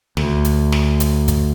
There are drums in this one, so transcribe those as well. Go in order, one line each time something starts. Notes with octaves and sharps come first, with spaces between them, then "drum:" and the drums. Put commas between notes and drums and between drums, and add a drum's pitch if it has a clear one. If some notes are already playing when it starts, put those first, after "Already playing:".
D2, drum: snare
drum: hi-hat
drum: snare
drum: hi-hat
drum: kick, hi-hat